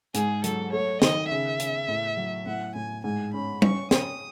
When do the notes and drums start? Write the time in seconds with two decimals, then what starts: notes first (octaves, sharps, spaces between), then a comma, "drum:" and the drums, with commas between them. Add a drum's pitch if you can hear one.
0.14 G#2 G#4, drum: hi-hat
0.44 F#3 A4, drum: hi-hat
0.73 A3 C#5
1.02 D#3 D#5, drum: snare
1.30 C#3 E5
1.59 C#3, drum: hi-hat
1.88 A2
2.17 F#3
2.46 A2 F#5
2.75 A2 G#5
3.04 G#2 G#5
3.33 C#4 B5
3.62 C#4 C#6, drum: tom
3.91 C#4 D#6, drum: snare